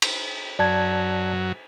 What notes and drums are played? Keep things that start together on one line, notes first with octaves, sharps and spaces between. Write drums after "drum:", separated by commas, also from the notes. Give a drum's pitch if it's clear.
drum: cymbal
F#2 F#3 D5 A5 G#6